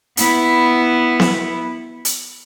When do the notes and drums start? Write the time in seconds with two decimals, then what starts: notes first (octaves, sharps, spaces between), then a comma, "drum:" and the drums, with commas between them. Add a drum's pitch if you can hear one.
0.17 B3 E4, drum: hi-hat
1.20 drum: snare B3
2.05 drum: hi-hat